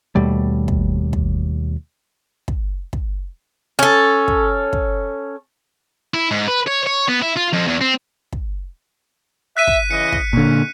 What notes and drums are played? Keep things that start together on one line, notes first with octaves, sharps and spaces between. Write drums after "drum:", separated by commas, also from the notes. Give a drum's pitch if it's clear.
D#2 B2 G3 A3
drum: kick
drum: kick
drum: kick
drum: kick
C#4 A4
drum: kick
drum: kick
E4
G#2
B4
C#5
C#5
B3
E4
F4
F2
E2
C4
drum: kick
E5 F#6 B6 D#7
drum: kick
C#3 E3 D#5 C#7
drum: kick
A#2 D3 A#3 C#4